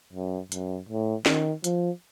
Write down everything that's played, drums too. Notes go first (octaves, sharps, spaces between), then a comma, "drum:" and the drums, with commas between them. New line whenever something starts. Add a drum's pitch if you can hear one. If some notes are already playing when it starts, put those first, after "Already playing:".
F#2
F#2, drum: hi-hat
A2
D#3, drum: snare
F3, drum: hi-hat